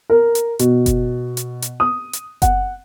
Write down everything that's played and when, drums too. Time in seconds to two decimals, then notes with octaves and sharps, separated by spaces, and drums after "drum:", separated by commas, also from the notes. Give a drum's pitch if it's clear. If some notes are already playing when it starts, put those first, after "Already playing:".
0.10 A#4
0.35 drum: hi-hat
0.59 B2, drum: hi-hat
0.86 drum: kick F#1, hi-hat
1.37 drum: hi-hat
1.62 drum: hi-hat
1.80 D#6
2.13 drum: hi-hat
2.42 F#5, drum: kick F#1, hi-hat